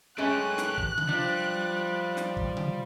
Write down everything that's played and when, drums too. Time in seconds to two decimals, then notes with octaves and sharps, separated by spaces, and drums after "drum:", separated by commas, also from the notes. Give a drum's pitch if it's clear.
0.18 G#3 A3 C#4 G4 B4 F#6
0.58 drum: snare
0.78 drum: kick
0.98 drum: tom C3
1.09 F3 G3 D4 F4
2.17 drum: snare
2.37 drum: kick
2.57 drum: tom C3